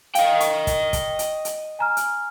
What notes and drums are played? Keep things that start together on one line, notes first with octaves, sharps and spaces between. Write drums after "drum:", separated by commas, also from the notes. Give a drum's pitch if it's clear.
D#5 F5 G5, drum: hi-hat
C#6, drum: hi-hat
drum: kick, hi-hat
drum: kick, hi-hat
drum: hi-hat
drum: hi-hat
G#5 A#5 F6
drum: hi-hat